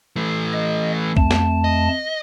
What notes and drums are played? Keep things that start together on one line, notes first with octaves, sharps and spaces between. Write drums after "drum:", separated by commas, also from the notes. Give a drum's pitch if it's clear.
E3 A3
D#5
F2 A3 A5, drum: kick
drum: snare
D#5